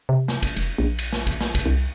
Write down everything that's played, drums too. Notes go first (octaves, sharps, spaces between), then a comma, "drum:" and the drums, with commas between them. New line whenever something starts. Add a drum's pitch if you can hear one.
C3
drum: snare
drum: kick G#1, cymbal
F1, drum: cymbal
A#1
drum: cymbal
drum: snare
drum: kick G#1, cymbal
drum: snare
drum: kick G#1, cymbal
C2